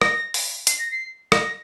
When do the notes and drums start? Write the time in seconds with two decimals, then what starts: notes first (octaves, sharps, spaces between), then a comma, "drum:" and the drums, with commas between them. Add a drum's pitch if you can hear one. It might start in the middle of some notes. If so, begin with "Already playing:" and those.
0.02 A#6, drum: rim click
0.34 drum: open hi-hat
0.67 C7, drum: hi-hat
0.79 A#6
0.91 C7
1.32 A#6, drum: rim click